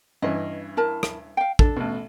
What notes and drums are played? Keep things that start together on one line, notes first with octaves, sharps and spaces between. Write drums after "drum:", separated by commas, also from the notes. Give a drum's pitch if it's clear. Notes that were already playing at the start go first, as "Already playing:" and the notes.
G2 E3 C#4 D#5
E4 A#4 A5
drum: rim click
F5 G5
D4 A4, drum: kick
A1 B2